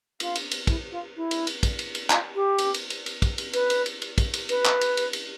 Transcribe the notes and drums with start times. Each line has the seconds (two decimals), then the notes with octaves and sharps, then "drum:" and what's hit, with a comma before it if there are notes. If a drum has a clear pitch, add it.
0.20 F4, drum: cymbal
0.36 drum: cymbal
0.51 drum: cymbal
0.67 E4, drum: kick, cymbal
0.91 F4
1.16 E4
1.31 drum: cymbal
1.47 drum: cymbal
1.63 drum: kick, cymbal
1.79 drum: cymbal
1.95 drum: cymbal
2.10 F4, drum: clap
2.35 G4
2.58 drum: cymbal
2.74 drum: cymbal
2.90 drum: cymbal
3.06 drum: cymbal
3.22 drum: kick, cymbal
3.38 drum: cymbal
3.53 B4, drum: cymbal
3.70 drum: cymbal
3.86 drum: cymbal
4.02 drum: cymbal
4.18 drum: kick, cymbal
4.34 drum: cymbal
4.49 B4, drum: cymbal
4.65 drum: clap
4.81 drum: cymbal
4.97 drum: cymbal
5.13 drum: cymbal